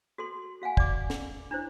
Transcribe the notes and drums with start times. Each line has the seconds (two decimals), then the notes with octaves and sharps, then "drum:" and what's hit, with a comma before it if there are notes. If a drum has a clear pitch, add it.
0.18 F#4 A4 C6
0.62 F#4 F5 F#5 G#5
0.77 D5 D6, drum: kick
1.10 drum: snare
1.51 D4 E4 C5